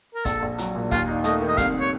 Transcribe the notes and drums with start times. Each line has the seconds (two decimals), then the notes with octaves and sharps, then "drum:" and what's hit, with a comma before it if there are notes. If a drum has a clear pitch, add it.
0.15 A#4
0.25 A#1 A4, drum: kick, hi-hat
0.42 A#1
0.58 F#3, drum: hi-hat
0.75 A#2
0.91 D#2 F4, drum: kick, hi-hat
1.08 D#4
1.24 A3 D#5, drum: hi-hat
1.42 D#3
1.48 D#5
1.57 C2 F5, drum: kick, hi-hat
1.80 C#5